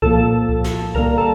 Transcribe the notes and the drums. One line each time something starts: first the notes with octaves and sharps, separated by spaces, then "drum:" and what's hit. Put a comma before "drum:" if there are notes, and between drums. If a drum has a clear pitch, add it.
A#2 F3 A#3 A4 A5, drum: kick C2
drum: kick C2
drum: snare
D3 G3 A#3 A#4 A#5, drum: kick C2
A4 A5